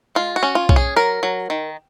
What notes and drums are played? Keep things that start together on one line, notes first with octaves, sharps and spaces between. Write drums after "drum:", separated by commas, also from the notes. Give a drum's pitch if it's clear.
G#3 F4
F#4
C#4
F4
C#4, drum: kick B1
G#4
F#3 A#4
F#3
D#3